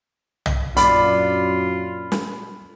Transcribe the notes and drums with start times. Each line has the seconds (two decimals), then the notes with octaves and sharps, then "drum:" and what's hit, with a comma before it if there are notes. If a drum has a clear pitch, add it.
0.46 drum: tom
0.77 F#2 A#2 D4 F4 D5 B5, drum: hi-hat
2.12 drum: snare